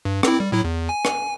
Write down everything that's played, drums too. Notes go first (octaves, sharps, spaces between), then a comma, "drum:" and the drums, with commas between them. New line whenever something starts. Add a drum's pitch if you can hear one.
G2
C4 E4, drum: rim click
G3
A2 F#3 E4
E2
G#5
drum: rim click